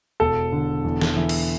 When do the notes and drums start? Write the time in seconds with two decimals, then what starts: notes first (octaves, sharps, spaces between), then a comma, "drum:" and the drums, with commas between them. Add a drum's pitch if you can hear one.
0.20 E1 A4
0.52 D3
0.84 E2
1.01 drum: snare
1.16 E3
1.29 drum: cymbal